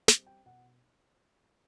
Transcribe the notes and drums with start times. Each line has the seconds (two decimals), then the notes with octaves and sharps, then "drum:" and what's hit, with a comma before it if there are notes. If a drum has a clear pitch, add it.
0.08 G3 C4, drum: snare
0.26 G5
0.46 B2 F#5